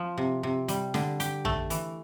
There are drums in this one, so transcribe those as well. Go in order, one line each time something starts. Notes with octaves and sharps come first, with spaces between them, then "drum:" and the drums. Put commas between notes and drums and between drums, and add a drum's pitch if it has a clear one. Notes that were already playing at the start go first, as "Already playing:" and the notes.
Already playing: F3
C3
C3
G3, drum: hi-hat
D3, drum: snare
G4, drum: hi-hat
A3, drum: tom
E3, drum: hi-hat